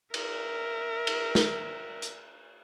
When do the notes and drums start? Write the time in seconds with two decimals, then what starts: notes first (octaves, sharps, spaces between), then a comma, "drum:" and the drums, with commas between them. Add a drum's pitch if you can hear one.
0.14 A#4 E5, drum: cymbal
1.07 drum: cymbal
1.35 drum: snare
2.02 drum: hi-hat